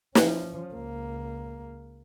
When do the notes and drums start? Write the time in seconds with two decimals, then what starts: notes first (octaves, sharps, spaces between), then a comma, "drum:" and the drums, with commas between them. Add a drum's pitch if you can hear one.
0.15 F3 C#4, drum: snare
0.74 C#2 A#3